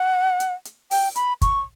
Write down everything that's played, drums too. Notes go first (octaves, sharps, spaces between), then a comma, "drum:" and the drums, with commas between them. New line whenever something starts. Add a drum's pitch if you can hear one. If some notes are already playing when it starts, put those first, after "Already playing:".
Already playing: F#5
drum: hi-hat
drum: hi-hat
G5, drum: open hi-hat
B5, drum: hi-hat
C#6, drum: kick, hi-hat